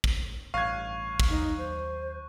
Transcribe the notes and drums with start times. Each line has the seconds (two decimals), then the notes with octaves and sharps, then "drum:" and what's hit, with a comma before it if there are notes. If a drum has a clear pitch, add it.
0.04 drum: kick
0.54 A1 G2 F5 C#6 F#6 G#6
1.20 drum: kick
1.30 D#2 F#3 D#4
1.58 C5